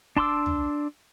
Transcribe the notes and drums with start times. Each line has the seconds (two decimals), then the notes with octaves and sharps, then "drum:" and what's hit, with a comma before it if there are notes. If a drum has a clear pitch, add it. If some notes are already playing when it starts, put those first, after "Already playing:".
0.17 D4 A5 C6 D6 E6, drum: kick
0.46 drum: tom